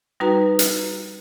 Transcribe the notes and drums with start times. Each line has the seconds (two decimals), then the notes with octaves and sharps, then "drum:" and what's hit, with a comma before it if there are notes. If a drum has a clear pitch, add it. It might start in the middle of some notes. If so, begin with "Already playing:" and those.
0.20 G3 D#4 F#4 B4 A#5
0.59 drum: hi-hat